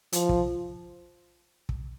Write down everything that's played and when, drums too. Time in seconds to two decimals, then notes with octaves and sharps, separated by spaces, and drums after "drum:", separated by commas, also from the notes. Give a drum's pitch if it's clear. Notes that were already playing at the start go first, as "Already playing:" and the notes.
0.13 F3, drum: hi-hat
0.29 drum: kick
1.69 drum: kick